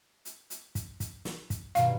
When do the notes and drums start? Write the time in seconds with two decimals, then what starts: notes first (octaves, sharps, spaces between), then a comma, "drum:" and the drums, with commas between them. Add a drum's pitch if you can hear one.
0.25 drum: hi-hat
0.50 drum: hi-hat
0.75 drum: kick, hi-hat
1.00 drum: kick, hi-hat
1.25 drum: snare
1.50 drum: kick, hi-hat
1.75 G2 B2 D#3 F5, drum: hi-hat